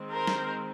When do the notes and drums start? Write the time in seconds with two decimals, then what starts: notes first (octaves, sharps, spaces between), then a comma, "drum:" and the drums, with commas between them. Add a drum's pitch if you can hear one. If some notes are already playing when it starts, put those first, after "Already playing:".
Already playing: D#3 G#3 C4
0.11 A#4 C5
0.27 drum: snare